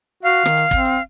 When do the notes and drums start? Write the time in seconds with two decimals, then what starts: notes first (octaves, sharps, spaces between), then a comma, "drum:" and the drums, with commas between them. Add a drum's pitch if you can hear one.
0.23 F#4 F5
0.45 D#3, drum: rim click
0.57 drum: hi-hat
0.71 C4, drum: kick, hi-hat
0.85 drum: hi-hat